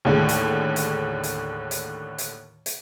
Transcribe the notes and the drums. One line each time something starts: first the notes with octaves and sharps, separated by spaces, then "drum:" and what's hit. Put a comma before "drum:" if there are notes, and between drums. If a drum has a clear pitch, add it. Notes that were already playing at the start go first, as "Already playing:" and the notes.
D#2 A2 D3 G#3
drum: hi-hat
drum: hi-hat
drum: hi-hat
drum: hi-hat
drum: hi-hat
drum: hi-hat